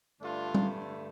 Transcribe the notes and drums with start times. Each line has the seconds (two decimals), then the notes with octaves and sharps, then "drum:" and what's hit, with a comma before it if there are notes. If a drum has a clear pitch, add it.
0.21 G2 D3 A3 D4 F4
0.54 drum: tom G3